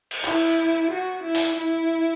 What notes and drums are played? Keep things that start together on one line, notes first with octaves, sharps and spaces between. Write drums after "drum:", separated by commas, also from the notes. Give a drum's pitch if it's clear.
drum: cymbal
E4, drum: clap
F#4
E4
drum: open hi-hat
E4